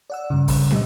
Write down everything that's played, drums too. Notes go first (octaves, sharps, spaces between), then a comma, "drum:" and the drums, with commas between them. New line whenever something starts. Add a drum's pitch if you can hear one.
D5 F#5 E6
G2 C#3
drum: kick, open hi-hat
A#2 G3 D#5 E6, drum: snare